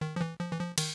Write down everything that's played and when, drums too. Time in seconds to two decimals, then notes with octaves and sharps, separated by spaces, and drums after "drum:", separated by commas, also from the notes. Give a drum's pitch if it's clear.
0.01 D#3
0.16 F3
0.21 E3
0.40 F3
0.52 E3
0.59 F3
0.78 D#3, drum: cymbal